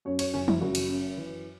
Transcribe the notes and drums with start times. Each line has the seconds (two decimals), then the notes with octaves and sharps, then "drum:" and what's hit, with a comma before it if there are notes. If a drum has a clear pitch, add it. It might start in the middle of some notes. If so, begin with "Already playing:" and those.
0.05 F#2 C#5
0.19 C#5, drum: cymbal
0.34 F#1 C#4
0.48 E4, drum: tom E3
0.61 F#1 F#4
0.75 drum: cymbal
0.89 F#2
1.18 E3